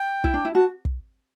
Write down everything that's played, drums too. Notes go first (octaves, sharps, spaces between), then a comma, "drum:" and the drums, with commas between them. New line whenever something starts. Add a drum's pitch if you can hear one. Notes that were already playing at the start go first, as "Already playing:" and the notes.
Already playing: G5
E4, drum: kick
D4
E4
F#4 A5
drum: kick